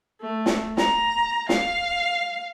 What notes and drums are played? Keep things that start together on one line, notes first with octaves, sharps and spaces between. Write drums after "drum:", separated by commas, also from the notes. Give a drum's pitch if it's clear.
A3
drum: snare
A#5, drum: snare
F5, drum: snare